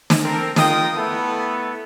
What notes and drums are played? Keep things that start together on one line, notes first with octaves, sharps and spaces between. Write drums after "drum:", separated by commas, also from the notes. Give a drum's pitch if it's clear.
drum: snare
C4 A4 A#4
G#3 F4 A#4 D#5 G5 D#6, drum: snare
A3 B3 E4 A4